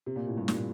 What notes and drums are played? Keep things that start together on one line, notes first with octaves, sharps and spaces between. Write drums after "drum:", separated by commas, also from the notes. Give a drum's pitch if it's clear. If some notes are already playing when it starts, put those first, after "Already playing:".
C3
A#2
A2
G2
A#2, drum: snare